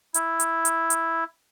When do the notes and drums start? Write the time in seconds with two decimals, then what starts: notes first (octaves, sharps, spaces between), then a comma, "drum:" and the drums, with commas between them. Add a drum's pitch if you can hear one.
0.14 E4, drum: hi-hat
0.40 drum: hi-hat
0.65 drum: hi-hat
0.90 drum: hi-hat